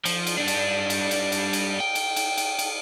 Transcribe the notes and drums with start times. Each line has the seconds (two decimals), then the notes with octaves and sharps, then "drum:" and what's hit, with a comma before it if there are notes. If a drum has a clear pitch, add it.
0.05 F3, drum: cymbal
0.27 drum: cymbal
0.38 G3 D4
0.48 drum: cymbal
0.90 drum: cymbal
1.11 drum: cymbal
1.32 drum: cymbal
1.53 drum: cymbal
1.80 G5
1.95 drum: cymbal
2.16 drum: cymbal
2.38 drum: cymbal
2.59 drum: cymbal